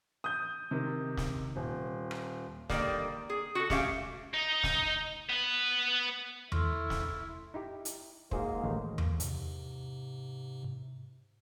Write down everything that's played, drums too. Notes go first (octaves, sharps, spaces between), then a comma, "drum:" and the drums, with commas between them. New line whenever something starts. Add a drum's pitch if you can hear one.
D#6 G6
C3 D#3
drum: snare
D#1
drum: rim click
D3 D#3 G3 A#3 D5, drum: snare
G#4
F#4 A4
A3 C#4 G4 G#4 E5 F5, drum: snare
D#4
drum: snare
B3 B4
E4 A4 C6 C#6 F6, drum: tom E2
drum: snare
D#4 E4 G4
drum: hi-hat
G#2 G#3 A#3 F#4 G#4 C5, drum: kick
A1 D#3
drum: tom E2
G#2 C3, drum: hi-hat